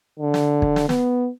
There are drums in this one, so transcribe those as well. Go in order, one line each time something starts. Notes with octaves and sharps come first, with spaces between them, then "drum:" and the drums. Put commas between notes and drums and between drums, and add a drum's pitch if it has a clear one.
D3
drum: snare
drum: kick
drum: snare
B3, drum: snare